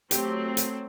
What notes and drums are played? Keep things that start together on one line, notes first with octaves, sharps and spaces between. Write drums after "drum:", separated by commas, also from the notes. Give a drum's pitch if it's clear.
F#3 A3 C4 G4, drum: hi-hat
drum: hi-hat